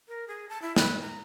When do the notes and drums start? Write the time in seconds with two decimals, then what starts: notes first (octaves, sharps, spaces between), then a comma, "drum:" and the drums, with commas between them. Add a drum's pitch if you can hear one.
0.08 A#4
0.28 G#4
0.49 A5
0.62 E4
0.76 B4, drum: snare
1.02 A#5